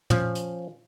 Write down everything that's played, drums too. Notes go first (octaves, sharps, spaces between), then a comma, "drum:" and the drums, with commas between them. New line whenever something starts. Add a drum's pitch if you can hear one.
F3 C#4, drum: tom
drum: hi-hat